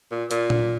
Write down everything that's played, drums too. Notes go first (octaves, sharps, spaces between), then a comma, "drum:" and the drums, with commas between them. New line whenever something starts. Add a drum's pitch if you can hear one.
A#2
A#2, drum: hi-hat
drum: tom A#2